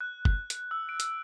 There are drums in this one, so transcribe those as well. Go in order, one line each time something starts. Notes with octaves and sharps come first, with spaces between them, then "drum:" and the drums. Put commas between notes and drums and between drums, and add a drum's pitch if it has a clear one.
F#6
drum: kick
drum: hi-hat
E6
D7
drum: hi-hat